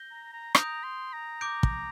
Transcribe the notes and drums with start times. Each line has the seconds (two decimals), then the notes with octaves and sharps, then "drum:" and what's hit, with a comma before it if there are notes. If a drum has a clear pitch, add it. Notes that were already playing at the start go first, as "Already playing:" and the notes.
Already playing: G6 A#6 G7
0.11 A#5
0.33 A#5
0.55 A#5 D#6 G6 D7 F7, drum: rim click
0.83 C6
1.13 A#5
1.41 D6 G6 D7
1.63 drum: kick